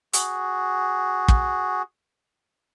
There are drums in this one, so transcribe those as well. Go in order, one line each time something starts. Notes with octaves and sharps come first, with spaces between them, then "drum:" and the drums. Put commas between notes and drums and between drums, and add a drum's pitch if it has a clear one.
F#4 G#4, drum: hi-hat
drum: kick